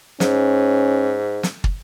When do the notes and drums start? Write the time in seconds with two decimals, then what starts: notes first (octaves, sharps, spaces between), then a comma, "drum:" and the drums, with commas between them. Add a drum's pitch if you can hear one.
0.20 G#2 C#4, drum: snare
1.43 drum: snare
1.64 drum: kick